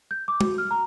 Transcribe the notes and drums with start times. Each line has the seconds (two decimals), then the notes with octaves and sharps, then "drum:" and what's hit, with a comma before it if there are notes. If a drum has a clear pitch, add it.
0.11 G6
0.28 D6
0.41 F#4, drum: tom
0.58 F6
0.71 A#5